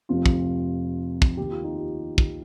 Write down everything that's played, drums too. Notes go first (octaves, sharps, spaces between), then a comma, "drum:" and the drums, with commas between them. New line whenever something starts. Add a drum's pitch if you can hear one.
F1 F2 C3 F4
drum: kick
drum: kick
D#2 D#3 G4
F4
D#4
F4
drum: kick